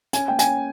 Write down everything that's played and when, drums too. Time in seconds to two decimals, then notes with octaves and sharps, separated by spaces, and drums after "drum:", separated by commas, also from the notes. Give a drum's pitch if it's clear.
0.13 C#4 G#5, drum: hi-hat
0.28 A#3 G5
0.39 G#5, drum: hi-hat
0.46 C#4